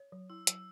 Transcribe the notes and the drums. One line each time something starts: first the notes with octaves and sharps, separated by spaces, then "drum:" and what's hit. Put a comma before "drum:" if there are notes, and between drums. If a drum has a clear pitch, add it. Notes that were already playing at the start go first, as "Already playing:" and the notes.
Already playing: C#5
F#3
E4 E6
F#3 E6, drum: hi-hat